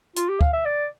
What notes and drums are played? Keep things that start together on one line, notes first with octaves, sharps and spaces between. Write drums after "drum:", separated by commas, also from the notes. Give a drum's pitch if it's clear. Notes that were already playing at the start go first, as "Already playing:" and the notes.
F4, drum: hi-hat
G4
F5, drum: kick
E5
D5